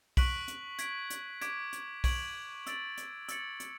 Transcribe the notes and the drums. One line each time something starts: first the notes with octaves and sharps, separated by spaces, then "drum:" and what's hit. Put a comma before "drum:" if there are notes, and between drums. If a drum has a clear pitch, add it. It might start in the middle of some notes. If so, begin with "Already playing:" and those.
C#6 F#6 B6 D7 F#7, drum: kick B1, open hi-hat
drum: hi-hat
G#6 B6 D7, drum: hi-hat
drum: hi-hat
D6 G#6 B6 D7, drum: hi-hat
drum: hi-hat
C#6 G#6 D7 F#7, drum: kick B1, open hi-hat
E6 A6 D7 F#7, drum: hi-hat
drum: hi-hat
E6 A6 C#7 F#7, drum: hi-hat
drum: hi-hat